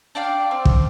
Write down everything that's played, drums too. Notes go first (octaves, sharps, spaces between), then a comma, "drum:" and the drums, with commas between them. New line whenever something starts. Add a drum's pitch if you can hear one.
D4 D5 F5 G5
C4
drum: kick